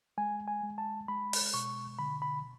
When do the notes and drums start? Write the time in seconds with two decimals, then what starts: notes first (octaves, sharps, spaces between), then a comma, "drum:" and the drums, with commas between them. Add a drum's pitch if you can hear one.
0.18 G#3 G#5
0.48 G#5
0.63 G#3
0.78 A5
1.08 G#3 B5
1.33 drum: open hi-hat
1.54 B2 C#6
1.99 D3 B5
2.22 B5